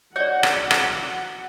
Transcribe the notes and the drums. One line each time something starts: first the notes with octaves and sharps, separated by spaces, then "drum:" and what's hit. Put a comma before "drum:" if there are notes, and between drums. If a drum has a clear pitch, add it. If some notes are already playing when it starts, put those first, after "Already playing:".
F#4 C#5 D5 F#5
drum: rim click
drum: rim click